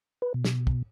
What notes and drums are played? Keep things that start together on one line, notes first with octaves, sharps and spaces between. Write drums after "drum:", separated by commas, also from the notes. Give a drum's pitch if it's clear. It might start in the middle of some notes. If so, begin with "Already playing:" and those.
B4
B2
drum: snare
drum: kick